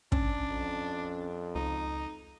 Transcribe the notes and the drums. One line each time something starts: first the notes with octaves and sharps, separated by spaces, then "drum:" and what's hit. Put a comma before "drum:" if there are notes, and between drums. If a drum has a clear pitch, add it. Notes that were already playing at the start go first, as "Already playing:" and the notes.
C#4 D4, drum: kick
F2
C#2 D#4